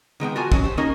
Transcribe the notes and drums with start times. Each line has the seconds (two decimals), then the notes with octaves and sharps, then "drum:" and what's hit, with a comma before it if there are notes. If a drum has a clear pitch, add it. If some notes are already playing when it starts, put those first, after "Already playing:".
0.20 D#3 G#3 B3 G5
0.36 F4 F#4 A#4 G#5
0.52 D#3 F#3 C#4, drum: kick
0.64 G4 C5
0.78 A#3 C#4 D#4 A#4